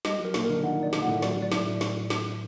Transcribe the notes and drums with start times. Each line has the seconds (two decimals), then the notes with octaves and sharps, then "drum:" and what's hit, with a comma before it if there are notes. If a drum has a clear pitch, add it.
0.05 G3 D#5, drum: snare
0.19 F#3
0.25 A#4
0.34 A#2 A#3, drum: snare
0.44 D3 D4 A#4
0.63 D#3 D#4 F#5
0.78 D3 D4 D5
0.93 A#2 A#3, drum: snare
1.02 F#5
1.07 A2 A3
1.22 F#3 D5, drum: snare
1.37 F#3
1.42 D5
1.52 A2 A3, drum: snare
1.81 drum: snare
2.10 drum: snare